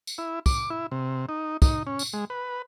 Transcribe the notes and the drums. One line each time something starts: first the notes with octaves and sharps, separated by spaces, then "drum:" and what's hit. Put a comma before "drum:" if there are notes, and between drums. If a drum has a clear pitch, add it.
drum: tambourine
E4
D6, drum: kick, tambourine
E4
C3
D#4
D#4, drum: kick, tambourine
C#4
drum: tambourine
G#3
B4